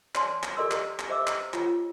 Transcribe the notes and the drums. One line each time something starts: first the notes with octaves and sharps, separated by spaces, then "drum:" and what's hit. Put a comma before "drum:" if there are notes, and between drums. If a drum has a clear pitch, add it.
C#5 D5 G#5 A5 C6, drum: clap
drum: clap
G4 A4 D5 D#5 C6 E6
drum: clap
drum: clap
G4 C5 D#5 E5 D6 E6
drum: clap
F4 C#5 F#5, drum: clap